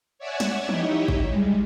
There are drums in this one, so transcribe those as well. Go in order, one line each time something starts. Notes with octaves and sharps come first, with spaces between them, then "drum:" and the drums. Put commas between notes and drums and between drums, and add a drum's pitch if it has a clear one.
C#5 D5 E5 F#5 G#5 E6
drum: snare
D#4 E4 G4 C#5 D#5 E5, drum: tom E3
drum: kick
G3 G#3